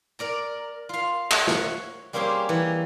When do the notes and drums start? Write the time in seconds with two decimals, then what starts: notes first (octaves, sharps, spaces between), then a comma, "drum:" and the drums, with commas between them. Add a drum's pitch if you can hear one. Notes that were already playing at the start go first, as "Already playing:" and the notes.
0.19 A#4 D5 A#5
0.89 F4 F5
1.31 drum: clap
1.47 C#5 F#5, drum: snare
2.13 G3 A#3 C4 C#4 G4 G#4
2.49 E3